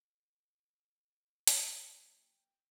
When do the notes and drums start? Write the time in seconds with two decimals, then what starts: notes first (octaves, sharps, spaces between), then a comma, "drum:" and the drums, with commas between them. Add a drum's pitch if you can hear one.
1.47 C#3 F#3 A#3, drum: hi-hat
2.22 G5